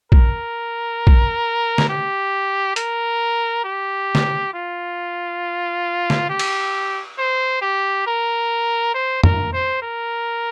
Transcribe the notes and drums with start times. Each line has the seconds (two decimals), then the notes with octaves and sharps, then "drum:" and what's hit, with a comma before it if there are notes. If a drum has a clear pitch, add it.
0.12 A#4, drum: kick A#1
1.07 drum: kick A#1
1.78 drum: snare
1.89 G4
2.76 A#4, drum: hi-hat
3.64 G4
4.15 drum: snare
4.54 F4
6.10 drum: snare
6.30 G4
6.39 drum: cymbal
7.18 C5
7.62 G4
8.07 A#4
8.94 C5
9.23 A#4, drum: tom
9.53 C5
9.82 A#4